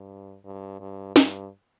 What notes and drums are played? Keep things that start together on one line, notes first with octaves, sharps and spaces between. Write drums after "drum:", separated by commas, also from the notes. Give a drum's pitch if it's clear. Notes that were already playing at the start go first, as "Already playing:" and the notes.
Already playing: G2
G2
G2
G2, drum: snare